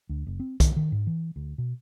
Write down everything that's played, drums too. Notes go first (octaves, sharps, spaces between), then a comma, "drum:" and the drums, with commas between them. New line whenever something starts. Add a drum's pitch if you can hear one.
D2
F#1
C4
D#3, drum: kick, hi-hat
D#3
G#2
E3
D2
B2